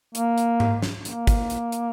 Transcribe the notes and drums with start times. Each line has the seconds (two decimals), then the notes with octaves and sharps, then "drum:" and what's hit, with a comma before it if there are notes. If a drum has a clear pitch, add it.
0.15 A#3, drum: hi-hat
0.38 drum: hi-hat
0.60 drum: tom G#2
0.82 drum: snare
1.05 A#3, drum: hi-hat
1.27 drum: kick, hi-hat
1.50 drum: hi-hat
1.72 drum: hi-hat